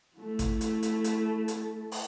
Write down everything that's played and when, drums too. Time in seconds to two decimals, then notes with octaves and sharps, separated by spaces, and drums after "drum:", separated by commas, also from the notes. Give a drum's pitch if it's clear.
0.17 A3 E4
0.39 drum: kick G#1, hi-hat
0.61 drum: hi-hat
0.83 drum: hi-hat
1.04 drum: hi-hat
1.48 drum: hi-hat
1.92 drum: open hi-hat